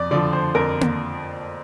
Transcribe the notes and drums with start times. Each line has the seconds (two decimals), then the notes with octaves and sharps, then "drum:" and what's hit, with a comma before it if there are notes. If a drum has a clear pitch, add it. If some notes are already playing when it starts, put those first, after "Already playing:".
Already playing: F2 D5
0.11 D3 F3 D5
0.33 C5
0.55 F2 A#4
0.81 drum: tom A#3